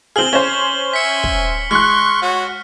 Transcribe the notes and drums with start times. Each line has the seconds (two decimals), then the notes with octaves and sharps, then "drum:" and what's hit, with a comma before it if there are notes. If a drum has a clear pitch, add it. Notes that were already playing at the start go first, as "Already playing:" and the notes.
0.16 C4 G#4 F6 F#7 G7
0.33 C#4 C5
0.93 E5 G#5 B6 C#7
1.24 drum: kick
1.71 G#3 C6 C#6 F6 F#6
2.22 F#4 C#5